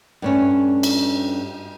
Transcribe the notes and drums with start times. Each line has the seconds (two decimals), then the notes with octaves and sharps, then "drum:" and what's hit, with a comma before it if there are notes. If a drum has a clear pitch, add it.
0.22 G2 A3 C#4
0.83 drum: cymbal